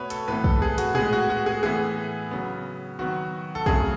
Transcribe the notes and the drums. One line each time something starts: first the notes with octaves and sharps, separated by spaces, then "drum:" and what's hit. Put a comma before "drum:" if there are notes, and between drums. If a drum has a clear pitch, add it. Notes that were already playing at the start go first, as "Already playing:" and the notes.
Already playing: B2 A3 B4 C#5
A4, drum: hi-hat
A2 E3 B3 B4
A4, drum: kick
G#4
F#4, drum: hi-hat
A2 G#3 B3 G#4, drum: tom A#2
F#4
F#4
G#4
A2 E3 B3 G#4
C#3 F#3 B3
D#3 F#3 B3 F#4
A4
C#3 F#3 A3 G#4, drum: kick